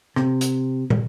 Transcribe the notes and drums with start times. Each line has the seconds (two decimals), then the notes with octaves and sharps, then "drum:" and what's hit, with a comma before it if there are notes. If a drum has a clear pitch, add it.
0.16 C3, drum: rim click
0.41 drum: hi-hat
0.90 drum: tom